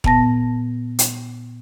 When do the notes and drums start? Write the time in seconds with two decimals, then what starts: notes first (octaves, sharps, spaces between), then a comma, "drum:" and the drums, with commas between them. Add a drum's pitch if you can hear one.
0.04 A#2 B3 A5 A#6, drum: kick
0.99 drum: hi-hat